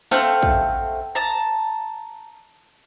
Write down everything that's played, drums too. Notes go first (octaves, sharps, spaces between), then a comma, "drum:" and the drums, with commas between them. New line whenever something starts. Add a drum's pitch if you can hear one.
A3 C4 F5 F#5, drum: snare
drum: kick
A5 A#5